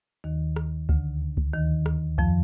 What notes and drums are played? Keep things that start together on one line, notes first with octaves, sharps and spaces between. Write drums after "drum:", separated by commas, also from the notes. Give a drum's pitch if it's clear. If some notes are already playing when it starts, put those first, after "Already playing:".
D#2 D#3
drum: rim click
D2 D3, drum: kick C#2
drum: kick C#2
D#2 D#3
drum: rim click
F2 F3, drum: kick C#2